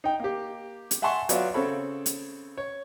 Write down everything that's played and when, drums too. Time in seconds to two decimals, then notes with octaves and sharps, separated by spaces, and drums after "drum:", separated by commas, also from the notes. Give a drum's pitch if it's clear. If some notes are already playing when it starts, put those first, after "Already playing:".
0.04 D#4 G5
0.20 A#3 G4
0.91 drum: hi-hat
1.02 E5 F#5 G#5 A5 C6 C#6
1.29 F#3 B3 F4 D5 E5, drum: hi-hat
1.54 C#3 C4 A4 C#5 B5
2.06 drum: hi-hat
2.58 C#5